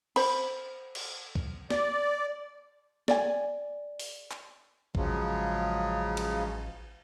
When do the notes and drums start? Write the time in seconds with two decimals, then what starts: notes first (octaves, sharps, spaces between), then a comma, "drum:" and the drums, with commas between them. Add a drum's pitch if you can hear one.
0.16 C5 B5, drum: cymbal
0.95 drum: cymbal
1.35 drum: kick
1.70 D5, drum: snare
3.08 D5 G#5, drum: snare
4.00 drum: open hi-hat
4.31 drum: clap
4.95 A1 C#3 F3 F#3 G#3, drum: kick
6.17 drum: cymbal